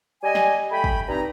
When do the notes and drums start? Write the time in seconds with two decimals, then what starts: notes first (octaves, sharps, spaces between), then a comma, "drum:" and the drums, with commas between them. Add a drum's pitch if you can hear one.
0.23 G3 D#5 G#5
0.35 drum: snare
0.72 A3 G5 B5
0.84 drum: kick
1.08 G2 C4 D#4 A#5